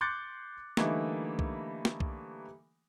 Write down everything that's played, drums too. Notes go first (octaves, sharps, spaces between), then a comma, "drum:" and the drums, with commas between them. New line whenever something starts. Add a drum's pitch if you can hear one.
C6 D6 F#6 G6 A6 C#7
D3 E3 G3 A3 A#3 D#4, drum: snare
drum: kick B1
drum: snare
drum: kick B1